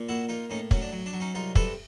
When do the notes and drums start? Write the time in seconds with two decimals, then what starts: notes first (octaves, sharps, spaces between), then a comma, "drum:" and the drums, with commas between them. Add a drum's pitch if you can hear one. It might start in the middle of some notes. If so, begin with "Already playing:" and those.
Already playing: A#2
0.09 A#3 E4 F#4
0.29 A#3 D#4 F4
0.50 A2 C#4 D#4
0.71 F#3 C#4, drum: kick
0.82 D4
0.92 F#3
1.06 D4
1.13 F#3
1.20 C#4 D#4
1.35 C2 D#4 F4
1.55 C3 A4 B4, drum: kick